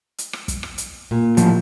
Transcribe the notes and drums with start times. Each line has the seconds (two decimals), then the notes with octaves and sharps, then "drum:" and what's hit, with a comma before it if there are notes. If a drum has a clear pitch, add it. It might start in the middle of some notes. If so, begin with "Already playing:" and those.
0.18 drum: hi-hat
0.33 drum: rim click
0.48 drum: kick, hi-hat
0.63 drum: rim click
0.78 drum: hi-hat
1.11 A#2
1.37 A2 F3, drum: hi-hat